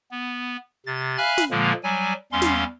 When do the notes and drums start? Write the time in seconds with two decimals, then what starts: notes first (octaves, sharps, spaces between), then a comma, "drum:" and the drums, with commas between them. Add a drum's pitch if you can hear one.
0.11 B3
0.86 C3 A6
1.18 E5 F5 G#5 B5 F6 F#6
1.38 drum: snare
1.51 A#2 D3 F3 G#3 A#3
1.84 F#3 G3 G#5
2.32 E2 G3 C#4 F5 C6
2.42 drum: snare